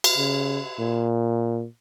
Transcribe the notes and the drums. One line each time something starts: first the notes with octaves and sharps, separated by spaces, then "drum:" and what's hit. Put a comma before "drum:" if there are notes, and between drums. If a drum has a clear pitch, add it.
drum: cymbal
C#3
A#2